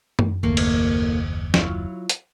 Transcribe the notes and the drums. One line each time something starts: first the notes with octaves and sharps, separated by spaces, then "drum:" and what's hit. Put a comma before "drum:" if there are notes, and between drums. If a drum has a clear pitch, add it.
drum: tom F#2
F#1 D#2 A2 A#3
drum: cymbal
F#3 E4 F4, drum: snare
drum: hi-hat